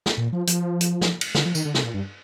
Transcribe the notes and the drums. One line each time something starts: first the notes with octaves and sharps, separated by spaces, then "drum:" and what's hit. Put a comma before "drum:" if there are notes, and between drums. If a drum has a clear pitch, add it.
drum: snare
A#2
F3
F3, drum: hi-hat
drum: hi-hat
drum: snare
drum: cymbal
D3, drum: snare
F3
D#3, drum: tambourine
D3
C3, drum: snare
A#2
G2